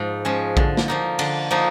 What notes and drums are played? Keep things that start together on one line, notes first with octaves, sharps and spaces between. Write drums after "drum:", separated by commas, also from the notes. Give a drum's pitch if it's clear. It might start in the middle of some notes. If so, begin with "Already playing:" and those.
Already playing: G#2 F3
F3 G#3 C#4
D3, drum: kick A#1
drum: snare
F3 A#3 D#4
D3, drum: cymbal
F3 A#3 D#4